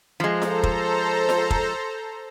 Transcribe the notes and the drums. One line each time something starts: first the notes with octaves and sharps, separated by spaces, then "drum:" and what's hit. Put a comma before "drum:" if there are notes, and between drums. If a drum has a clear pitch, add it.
F3 G#3 A4 C5 A#5
drum: snare F4
drum: kick
drum: snare F4
drum: kick